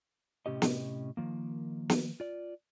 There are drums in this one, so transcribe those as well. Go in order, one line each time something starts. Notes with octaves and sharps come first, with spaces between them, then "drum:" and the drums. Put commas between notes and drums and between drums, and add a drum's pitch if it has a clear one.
A2 C3 C#4 G4 D#5
drum: snare
D#3 F3 A#3
drum: snare
F4 D5